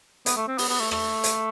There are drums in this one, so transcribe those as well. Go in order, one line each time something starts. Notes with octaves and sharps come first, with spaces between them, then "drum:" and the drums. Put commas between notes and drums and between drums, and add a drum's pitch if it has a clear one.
B3, drum: hi-hat
A3
C4
B3, drum: open hi-hat
B3
A3
A3, drum: rim click
drum: hi-hat